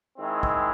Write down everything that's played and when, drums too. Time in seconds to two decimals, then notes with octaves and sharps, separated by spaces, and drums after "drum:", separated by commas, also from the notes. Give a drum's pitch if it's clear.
0.18 D#3 G#3 C4 E4
0.43 drum: kick